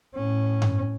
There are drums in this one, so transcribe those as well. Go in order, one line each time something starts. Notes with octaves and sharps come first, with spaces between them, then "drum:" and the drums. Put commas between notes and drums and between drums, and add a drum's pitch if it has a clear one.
A2 C#4
drum: tom G2